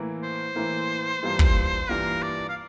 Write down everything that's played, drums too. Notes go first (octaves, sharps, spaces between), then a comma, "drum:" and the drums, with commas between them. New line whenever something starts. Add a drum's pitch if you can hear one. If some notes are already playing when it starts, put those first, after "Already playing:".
Already playing: A2 E3 A#3 E4
C5
A2 E3 A#3 E4
G2 E3 G3 A#3 F4
drum: kick
G2 E3 G3 A#3 F4 A#4
D5
F5